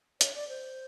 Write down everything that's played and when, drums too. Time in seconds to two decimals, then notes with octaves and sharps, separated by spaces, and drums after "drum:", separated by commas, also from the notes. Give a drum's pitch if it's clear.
0.21 C#5, drum: hi-hat
0.35 D5
0.49 C5